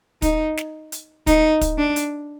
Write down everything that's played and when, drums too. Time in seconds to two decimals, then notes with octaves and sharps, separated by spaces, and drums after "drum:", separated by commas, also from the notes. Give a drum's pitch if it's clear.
0.22 D#4, drum: kick, hi-hat
0.57 drum: snare
0.92 drum: hi-hat
1.27 D#4, drum: kick, hi-hat
1.61 drum: kick, hi-hat
1.78 D4
1.96 drum: hi-hat